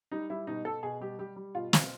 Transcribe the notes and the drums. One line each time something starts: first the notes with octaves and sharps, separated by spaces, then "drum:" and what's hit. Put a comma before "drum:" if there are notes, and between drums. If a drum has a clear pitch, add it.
G3 D#4
G3 E4
B2 D#4
B2 A4
B2 G#4
G3 G4
G3 G4
G3
B2 F4
B2, drum: snare